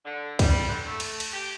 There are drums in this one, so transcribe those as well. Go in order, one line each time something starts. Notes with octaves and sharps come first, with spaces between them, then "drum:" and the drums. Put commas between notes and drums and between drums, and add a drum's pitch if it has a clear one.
D3
G3, drum: kick, cymbal
D3
A3
drum: cymbal
drum: cymbal
G4